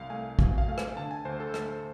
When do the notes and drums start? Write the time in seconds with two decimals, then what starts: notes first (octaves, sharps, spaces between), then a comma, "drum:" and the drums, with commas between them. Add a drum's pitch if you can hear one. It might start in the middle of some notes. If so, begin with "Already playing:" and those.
Already playing: C2 F5
0.10 A3 G#5
0.39 B2 G#5, drum: kick
0.58 F5
0.68 A3 F5
0.78 G#5, drum: rim click
0.96 D3 A5
1.11 G#5
1.25 D2 C5
1.40 A4
1.54 D2 A4, drum: rim click